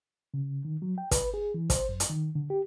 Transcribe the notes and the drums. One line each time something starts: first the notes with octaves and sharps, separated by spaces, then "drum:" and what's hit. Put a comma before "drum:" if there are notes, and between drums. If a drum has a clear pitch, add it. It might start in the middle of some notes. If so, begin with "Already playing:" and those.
C#3
D#3
F#3
G5
B4, drum: kick, hi-hat
G#4
E3
C5, drum: kick, hi-hat
F#2
drum: hi-hat
D#3
D3
G4